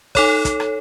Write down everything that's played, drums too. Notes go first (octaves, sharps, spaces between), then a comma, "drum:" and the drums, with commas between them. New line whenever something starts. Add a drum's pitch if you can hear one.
D#4 A4 C#5, drum: kick, open hi-hat
drum: kick, hi-hat
drum: rim click